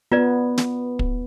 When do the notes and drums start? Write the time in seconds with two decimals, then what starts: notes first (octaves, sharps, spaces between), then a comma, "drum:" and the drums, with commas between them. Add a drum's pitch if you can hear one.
0.12 B3 F4 B4 D5
0.58 drum: snare
0.99 drum: kick